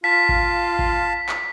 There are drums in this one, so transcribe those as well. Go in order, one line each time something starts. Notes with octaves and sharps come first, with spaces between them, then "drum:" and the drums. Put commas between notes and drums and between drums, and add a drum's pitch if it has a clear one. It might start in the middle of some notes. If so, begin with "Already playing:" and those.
F4 F5 A5 B6
drum: kick A1
drum: kick A1
drum: clap